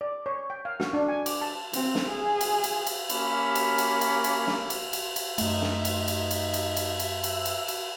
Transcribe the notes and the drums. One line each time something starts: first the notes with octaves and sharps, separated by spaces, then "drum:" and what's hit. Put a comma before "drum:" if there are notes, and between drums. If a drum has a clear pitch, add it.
D5
C#5
G5
F5
F#4, drum: snare
D4
G#5
D6, drum: cymbal
A5
C4, drum: cymbal
drum: snare
G#4
drum: cymbal
drum: cymbal
drum: cymbal
A#3 C#4 G4 B5, drum: cymbal
drum: cymbal
drum: cymbal
drum: cymbal
drum: cymbal
drum: snare
drum: cymbal
drum: cymbal
drum: cymbal
F#2 A3 D#4 E5, drum: cymbal
drum: snare
drum: cymbal
drum: cymbal
drum: cymbal
drum: cymbal
drum: cymbal
drum: cymbal
E5, drum: cymbal
drum: cymbal
drum: cymbal